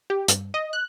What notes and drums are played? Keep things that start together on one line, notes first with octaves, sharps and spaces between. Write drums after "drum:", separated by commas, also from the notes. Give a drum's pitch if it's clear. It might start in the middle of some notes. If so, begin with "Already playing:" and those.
G4
G2, drum: hi-hat
D#5
F#6